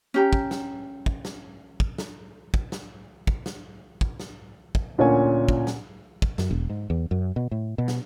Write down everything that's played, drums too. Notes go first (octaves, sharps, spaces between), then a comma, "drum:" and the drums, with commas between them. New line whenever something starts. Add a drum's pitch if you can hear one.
C#4 G4 A#5
drum: kick
drum: snare
drum: kick
drum: snare
drum: kick
drum: snare
drum: kick
drum: snare
drum: kick
drum: snare
drum: kick
drum: snare
drum: kick
D2 A#2 C#4 F4 C#5 G#5
drum: kick
drum: snare
drum: kick
F#2, drum: snare
E1
G#2
E2
F#2
B2
A2
B2
drum: snare